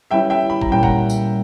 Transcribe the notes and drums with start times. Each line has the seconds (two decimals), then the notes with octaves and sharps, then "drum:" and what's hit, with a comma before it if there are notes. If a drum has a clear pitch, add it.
0.11 G3 C#4 E4 B4 E5 G5
0.30 E5 G5
0.50 B5
0.61 A#5, drum: kick
0.70 A#2 G3 C#4 G5
0.83 F#5 A#5, drum: kick
1.10 drum: tambourine